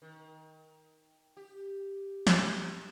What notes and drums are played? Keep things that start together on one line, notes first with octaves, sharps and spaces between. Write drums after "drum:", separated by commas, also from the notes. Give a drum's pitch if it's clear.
D#3
G4
drum: snare